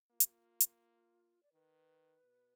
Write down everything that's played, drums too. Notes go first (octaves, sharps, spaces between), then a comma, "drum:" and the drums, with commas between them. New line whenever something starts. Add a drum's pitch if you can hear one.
A#3 F4
F#4, drum: hi-hat
F4
drum: hi-hat
D5
D#3 B4
B2